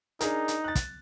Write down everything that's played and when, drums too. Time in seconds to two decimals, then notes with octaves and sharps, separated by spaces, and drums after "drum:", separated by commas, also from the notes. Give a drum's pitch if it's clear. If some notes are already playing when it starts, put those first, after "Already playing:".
0.20 D4 D#4 G#4 A#4, drum: hi-hat
0.48 drum: hi-hat
0.64 F#6 A6
0.75 drum: kick, hi-hat